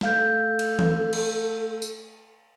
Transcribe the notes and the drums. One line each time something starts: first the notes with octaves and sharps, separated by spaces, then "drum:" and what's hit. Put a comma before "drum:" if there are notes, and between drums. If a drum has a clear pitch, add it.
A3 A4 F5 G6, drum: snare
drum: cymbal
drum: tom E3
drum: cymbal
drum: tambourine